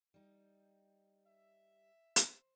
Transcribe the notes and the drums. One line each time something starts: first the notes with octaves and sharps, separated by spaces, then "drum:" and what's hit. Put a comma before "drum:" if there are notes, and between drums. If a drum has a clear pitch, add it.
G3 D#4
E5
C5, drum: hi-hat